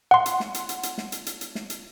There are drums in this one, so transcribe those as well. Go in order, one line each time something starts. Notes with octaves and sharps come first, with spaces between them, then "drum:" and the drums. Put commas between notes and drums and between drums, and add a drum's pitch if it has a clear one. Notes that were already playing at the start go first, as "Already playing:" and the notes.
F#5 C6
drum: hi-hat
drum: snare
drum: hi-hat
drum: hi-hat
drum: hi-hat
drum: snare
drum: hi-hat
drum: hi-hat
drum: hi-hat
drum: snare
drum: hi-hat